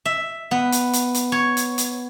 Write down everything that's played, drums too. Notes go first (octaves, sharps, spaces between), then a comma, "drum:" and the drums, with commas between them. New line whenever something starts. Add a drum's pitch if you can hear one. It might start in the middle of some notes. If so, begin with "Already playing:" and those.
E5
B3
drum: hi-hat
drum: hi-hat
drum: hi-hat
C#5
drum: hi-hat
drum: hi-hat